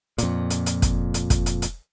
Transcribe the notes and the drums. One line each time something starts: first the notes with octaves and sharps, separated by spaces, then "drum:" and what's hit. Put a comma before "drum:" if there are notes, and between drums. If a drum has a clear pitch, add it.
F2 A#2, drum: hi-hat
drum: hi-hat
drum: hi-hat
drum: kick, hi-hat
drum: hi-hat
drum: kick, hi-hat
drum: hi-hat
drum: hi-hat